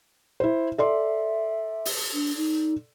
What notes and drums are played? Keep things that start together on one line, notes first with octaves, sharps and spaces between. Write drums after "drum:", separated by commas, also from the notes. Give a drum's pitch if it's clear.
E4 C5
A4 D5 E5 C6
drum: open hi-hat
D4
D#4